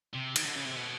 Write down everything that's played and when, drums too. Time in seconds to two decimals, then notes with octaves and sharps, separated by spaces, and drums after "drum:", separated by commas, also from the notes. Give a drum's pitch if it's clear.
0.15 C3
0.36 D#3, drum: cymbal
0.46 D3
0.56 C#3
0.66 C3
0.76 B2